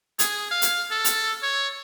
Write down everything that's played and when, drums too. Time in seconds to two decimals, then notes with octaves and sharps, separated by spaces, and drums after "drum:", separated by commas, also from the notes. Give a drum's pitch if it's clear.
0.19 G#4, drum: hi-hat
0.51 F5
0.62 drum: hi-hat
0.91 A4
1.05 drum: hi-hat
1.43 C#5